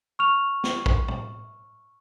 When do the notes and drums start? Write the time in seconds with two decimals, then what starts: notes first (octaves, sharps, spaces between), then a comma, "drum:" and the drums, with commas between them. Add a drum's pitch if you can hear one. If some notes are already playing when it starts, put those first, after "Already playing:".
0.19 C#6 F6 F7
0.64 drum: snare
0.86 drum: kick
1.08 drum: tom